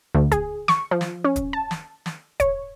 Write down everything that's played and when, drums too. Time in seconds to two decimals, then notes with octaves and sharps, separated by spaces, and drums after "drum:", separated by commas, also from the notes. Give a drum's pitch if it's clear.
0.15 D2
0.32 G#4, drum: kick, hi-hat
0.68 C#6, drum: snare
0.91 F3
1.01 drum: snare
1.24 C#4
1.36 drum: kick, hi-hat
1.53 A5
1.71 drum: snare
2.06 drum: snare
2.40 C#5, drum: kick, hi-hat